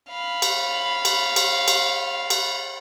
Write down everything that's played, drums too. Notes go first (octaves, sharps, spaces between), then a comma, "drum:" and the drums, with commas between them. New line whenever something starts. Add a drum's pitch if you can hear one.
F5 B5
drum: cymbal
drum: cymbal
drum: cymbal
drum: cymbal
drum: cymbal